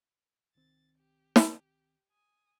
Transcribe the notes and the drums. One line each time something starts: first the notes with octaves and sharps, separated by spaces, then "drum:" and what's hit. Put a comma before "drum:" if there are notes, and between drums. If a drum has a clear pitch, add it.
C2 D#3 C4 A6
G4
drum: snare
G#5 D#6